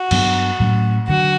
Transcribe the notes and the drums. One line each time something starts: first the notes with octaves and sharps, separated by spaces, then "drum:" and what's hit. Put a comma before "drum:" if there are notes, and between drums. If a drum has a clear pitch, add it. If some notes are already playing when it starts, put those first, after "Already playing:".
Already playing: F#4
G2 F#3 B3 D4, drum: cymbal
A2 F#3 A3 C#4
D2 D3 F#3 F#4